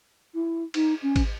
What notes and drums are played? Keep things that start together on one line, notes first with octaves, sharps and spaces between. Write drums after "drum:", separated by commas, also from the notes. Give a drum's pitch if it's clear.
E4
D#4, drum: cymbal
C#4
drum: kick G#1, cymbal